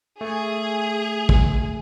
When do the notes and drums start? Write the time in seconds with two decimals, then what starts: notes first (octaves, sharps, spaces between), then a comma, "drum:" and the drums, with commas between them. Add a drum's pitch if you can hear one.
0.21 A3 G#4
1.29 drum: kick